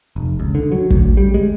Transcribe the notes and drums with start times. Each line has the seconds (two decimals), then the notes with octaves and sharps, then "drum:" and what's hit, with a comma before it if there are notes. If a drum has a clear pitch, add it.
0.16 F1
0.40 C#2
0.55 D3
0.72 F#3
0.90 D2, drum: kick
1.17 G3
1.34 G#3